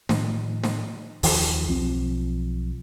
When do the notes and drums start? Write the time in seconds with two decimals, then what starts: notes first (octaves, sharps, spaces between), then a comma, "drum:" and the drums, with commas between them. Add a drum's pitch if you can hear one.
0.09 A2 D#3 F3, drum: snare
0.64 drum: snare
1.23 D#2 D#3 F3, drum: open hi-hat
1.68 B1 F3 C4